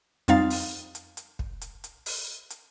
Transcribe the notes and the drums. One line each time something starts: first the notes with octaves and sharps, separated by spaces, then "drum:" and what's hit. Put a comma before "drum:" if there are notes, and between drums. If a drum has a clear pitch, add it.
F2 G3 C4 D#4 F5 A6, drum: hi-hat
drum: open hi-hat
drum: hi-hat
drum: hi-hat
drum: kick
drum: hi-hat
drum: hi-hat
drum: open hi-hat
drum: hi-hat